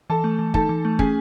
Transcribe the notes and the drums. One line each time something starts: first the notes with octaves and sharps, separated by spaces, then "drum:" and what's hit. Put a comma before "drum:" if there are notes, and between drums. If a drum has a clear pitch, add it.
E3 A4 A5
A3
E3
D#4 A4 A5, drum: kick
E3
A3
C#4 G#4 G#5, drum: kick